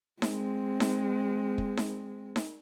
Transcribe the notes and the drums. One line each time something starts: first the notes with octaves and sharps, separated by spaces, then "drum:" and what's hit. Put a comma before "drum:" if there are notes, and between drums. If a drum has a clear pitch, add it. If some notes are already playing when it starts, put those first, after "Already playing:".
G#3 C4, drum: snare D#4
drum: snare D#4
drum: kick
drum: snare D#4
drum: snare D#4